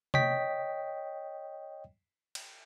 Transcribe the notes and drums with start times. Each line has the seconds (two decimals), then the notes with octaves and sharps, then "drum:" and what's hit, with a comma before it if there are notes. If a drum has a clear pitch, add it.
0.14 C#5 D#5 G5 B6, drum: tom C3
2.35 drum: cymbal